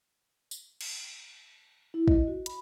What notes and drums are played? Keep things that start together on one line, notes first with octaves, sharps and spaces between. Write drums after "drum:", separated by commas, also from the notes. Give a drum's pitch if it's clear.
drum: tambourine
drum: cymbal
E4
D#5, drum: kick
F#4
B5, drum: hi-hat